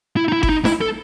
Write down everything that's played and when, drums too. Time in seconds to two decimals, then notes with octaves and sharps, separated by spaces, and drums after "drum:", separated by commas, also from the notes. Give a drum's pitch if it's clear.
0.17 E4
0.28 D#4
0.33 E4
0.43 E4, drum: kick G1
0.49 D#4
0.65 E4, drum: snare
0.81 A4